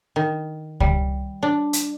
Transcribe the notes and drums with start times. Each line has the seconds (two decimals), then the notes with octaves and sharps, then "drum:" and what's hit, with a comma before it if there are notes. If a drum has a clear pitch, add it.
0.16 D#3
0.80 G3, drum: kick C#2
1.43 D4
1.73 drum: hi-hat